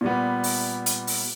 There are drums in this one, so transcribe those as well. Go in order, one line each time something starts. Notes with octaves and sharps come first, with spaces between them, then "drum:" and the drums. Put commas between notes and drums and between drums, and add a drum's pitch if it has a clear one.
A#2 G3 B3
drum: open hi-hat
drum: hi-hat
drum: open hi-hat